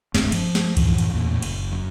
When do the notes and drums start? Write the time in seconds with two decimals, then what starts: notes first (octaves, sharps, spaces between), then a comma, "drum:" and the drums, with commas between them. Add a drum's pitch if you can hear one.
0.15 E1 G2 C4 D4, drum: snare
0.32 F3, drum: cymbal
0.55 drum: snare
0.77 F#2 A2 E3 F3, drum: kick C#2, cymbal
0.98 drum: cymbal
1.12 A1 E2 A#2 A#3
1.42 F#1, drum: cymbal
1.72 F#2